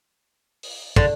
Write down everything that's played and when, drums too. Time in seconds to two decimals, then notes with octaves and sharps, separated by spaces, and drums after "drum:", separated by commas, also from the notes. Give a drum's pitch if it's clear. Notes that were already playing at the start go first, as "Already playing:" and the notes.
0.63 drum: open hi-hat
0.96 D3, drum: kick